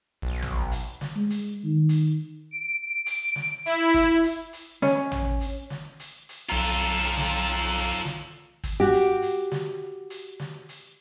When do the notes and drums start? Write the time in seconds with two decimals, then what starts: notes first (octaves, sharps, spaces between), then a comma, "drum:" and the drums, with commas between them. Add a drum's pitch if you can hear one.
0.22 B1
0.42 drum: tom A1
0.72 drum: hi-hat
1.01 drum: snare
1.16 G#3
1.30 drum: hi-hat
1.65 D#3
1.89 drum: hi-hat
2.51 D7
3.06 drum: hi-hat
3.36 drum: snare
3.66 E4, drum: hi-hat
3.94 drum: kick, hi-hat
4.24 drum: hi-hat
4.53 drum: hi-hat
4.82 C#4, drum: snare
5.12 drum: tom A1
5.41 drum: hi-hat
5.70 drum: snare
6.00 drum: hi-hat
6.29 drum: hi-hat
6.50 B1 F4 A4 A#5
7.17 drum: snare
7.76 drum: hi-hat
8.05 drum: snare
8.64 drum: kick, hi-hat
8.80 F#4 G4
8.93 drum: hi-hat
9.22 drum: hi-hat
9.52 drum: snare
10.10 drum: hi-hat
10.40 drum: snare
10.69 drum: hi-hat